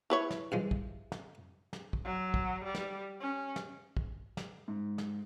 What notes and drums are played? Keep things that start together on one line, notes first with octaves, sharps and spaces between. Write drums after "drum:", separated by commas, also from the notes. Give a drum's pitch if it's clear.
E4 B4 C#5
drum: snare
G2 F3 G#3
drum: kick A#1
drum: snare
drum: snare
drum: kick A#1
F#3
drum: kick A#1
G3
drum: snare
C#4
drum: snare
drum: kick A#1
drum: snare
G#2
drum: snare